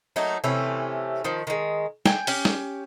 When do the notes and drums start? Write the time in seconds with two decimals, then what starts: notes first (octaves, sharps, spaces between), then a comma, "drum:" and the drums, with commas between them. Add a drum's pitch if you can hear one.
0.16 F#3 A3 A#3 D#4
0.44 C3 E3 A3 C#4
1.25 D#3 F3
1.47 D#3 G#3
2.06 G5 G#5, drum: snare
2.27 C#4 G4, drum: open hi-hat
2.45 drum: snare